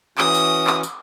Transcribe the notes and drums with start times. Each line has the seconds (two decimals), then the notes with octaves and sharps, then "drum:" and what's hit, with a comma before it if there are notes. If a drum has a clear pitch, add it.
0.18 E3 C#4 F#4 D#6, drum: clap
0.34 drum: tambourine
0.67 drum: clap
0.83 drum: tambourine